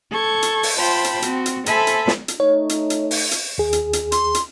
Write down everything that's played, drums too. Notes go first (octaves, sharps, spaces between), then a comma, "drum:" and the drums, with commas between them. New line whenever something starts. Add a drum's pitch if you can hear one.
A4 C#6 G#6
drum: hi-hat
drum: open hi-hat
F4 C5 G5 A5 B5
drum: hi-hat
C4 F#4, drum: hi-hat
drum: hi-hat
A4 C5 E5 G#5 A5 B5, drum: hi-hat
drum: hi-hat
drum: snare
drum: hi-hat
A3 D#4 C#5
drum: hi-hat
drum: hi-hat
drum: open hi-hat
drum: hi-hat
D#2 G#4
drum: hi-hat
drum: hi-hat
C6, drum: hi-hat
drum: hi-hat